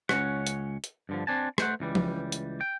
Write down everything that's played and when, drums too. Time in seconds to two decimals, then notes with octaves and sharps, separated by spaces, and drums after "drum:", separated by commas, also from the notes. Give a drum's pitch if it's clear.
0.09 C#2 G#2 C#4 C#5 F#5, drum: rim click
0.47 drum: hi-hat
0.84 drum: hi-hat
1.09 G2 D3 F3
1.27 C4 D4 G#5 A5
1.58 A3 C5 F#5, drum: rim click
1.80 C#2 E3 G3
1.95 drum: tom F3
2.32 drum: hi-hat
2.61 G5